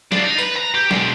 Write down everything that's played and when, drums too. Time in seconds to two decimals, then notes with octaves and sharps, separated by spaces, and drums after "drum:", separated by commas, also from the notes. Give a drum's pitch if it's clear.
0.12 D4 F4, drum: snare
0.24 D#4
0.38 B4, drum: tambourine
0.57 A#5
0.75 G4
0.91 B2 G#3, drum: snare